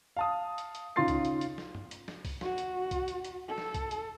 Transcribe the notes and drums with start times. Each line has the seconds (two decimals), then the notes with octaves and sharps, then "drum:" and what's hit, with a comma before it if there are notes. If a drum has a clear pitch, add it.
0.17 F5 A5 D#6
0.58 drum: hi-hat
0.75 drum: hi-hat
0.96 C#3 D#4 F4 C6 A6 C7
1.08 drum: kick, hi-hat
1.25 drum: hi-hat
1.41 drum: hi-hat
1.58 drum: snare
1.75 drum: tom
1.91 drum: hi-hat
2.08 drum: snare
2.25 drum: kick, open hi-hat
2.41 F#4, drum: snare
2.58 drum: hi-hat
2.91 drum: kick, hi-hat
3.08 drum: hi-hat
3.25 drum: hi-hat
3.49 A4
3.58 drum: snare
3.74 drum: kick, hi-hat
3.91 drum: hi-hat